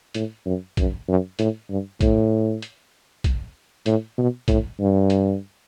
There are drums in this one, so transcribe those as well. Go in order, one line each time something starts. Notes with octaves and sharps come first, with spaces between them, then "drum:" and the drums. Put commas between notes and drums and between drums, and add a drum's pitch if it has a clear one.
A2, drum: hi-hat
F#2
F#2, drum: kick A#1, hi-hat
F#2
A2, drum: hi-hat
G2
A2, drum: kick A#1, hi-hat
drum: hi-hat
drum: kick A#1, hi-hat
A2, drum: hi-hat
B2
A2, drum: kick A#1, hi-hat
G2
drum: hi-hat